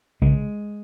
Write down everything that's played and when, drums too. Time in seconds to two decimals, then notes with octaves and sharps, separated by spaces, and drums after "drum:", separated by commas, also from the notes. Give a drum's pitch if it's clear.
0.22 C#3 G#3, drum: kick A#1